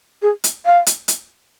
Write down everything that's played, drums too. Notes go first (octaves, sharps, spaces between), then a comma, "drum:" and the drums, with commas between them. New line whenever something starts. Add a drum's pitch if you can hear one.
G#4
drum: hi-hat
F5
drum: hi-hat
drum: hi-hat